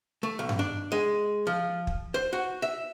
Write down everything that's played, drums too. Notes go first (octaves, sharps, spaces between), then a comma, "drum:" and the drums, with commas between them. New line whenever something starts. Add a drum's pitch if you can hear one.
A3
B1
drum: tom G2
D4
G#3
F3
drum: kick
C5
F#4
E5